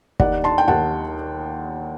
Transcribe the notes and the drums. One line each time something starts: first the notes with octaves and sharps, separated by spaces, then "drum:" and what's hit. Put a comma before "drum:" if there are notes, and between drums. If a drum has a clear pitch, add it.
D#2 D#3 G3 D5 F#5, drum: kick
A5 C6
G5
D#2 D#3 G3 F#5 A5